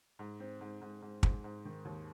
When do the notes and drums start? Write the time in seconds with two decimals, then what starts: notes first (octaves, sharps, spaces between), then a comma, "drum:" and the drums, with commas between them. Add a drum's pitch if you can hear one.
0.19 G#2
0.40 C4
0.61 G#2
0.81 G#2
1.02 G#2
1.23 G#2, drum: kick
1.44 G#2
1.65 D#3
1.85 D#2